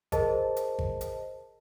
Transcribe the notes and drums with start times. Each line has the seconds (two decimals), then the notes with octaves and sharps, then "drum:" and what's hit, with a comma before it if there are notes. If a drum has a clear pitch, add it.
0.12 G#4 A#4 C5 D#5 A5, drum: kick G#1, hi-hat
0.56 drum: hi-hat
0.79 drum: kick G#1
1.01 drum: hi-hat